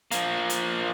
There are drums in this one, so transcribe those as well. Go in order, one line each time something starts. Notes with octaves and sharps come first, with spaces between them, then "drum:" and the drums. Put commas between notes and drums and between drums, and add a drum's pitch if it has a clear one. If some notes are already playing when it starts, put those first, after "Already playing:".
F3 A#3, drum: hi-hat
drum: hi-hat